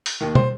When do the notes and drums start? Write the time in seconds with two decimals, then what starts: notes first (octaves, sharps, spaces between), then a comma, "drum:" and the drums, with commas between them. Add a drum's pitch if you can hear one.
0.06 drum: open hi-hat
0.21 D#2 D#3
0.35 C5, drum: tom